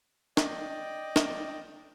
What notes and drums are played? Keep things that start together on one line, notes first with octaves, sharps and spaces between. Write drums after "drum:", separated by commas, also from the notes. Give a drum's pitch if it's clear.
D5 D#5 G5 D6, drum: snare
drum: snare